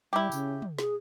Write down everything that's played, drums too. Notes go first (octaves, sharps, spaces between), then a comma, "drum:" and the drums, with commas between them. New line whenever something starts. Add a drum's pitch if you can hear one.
G3 E4 G4
C#3, drum: tambourine
drum: tom
G#4, drum: snare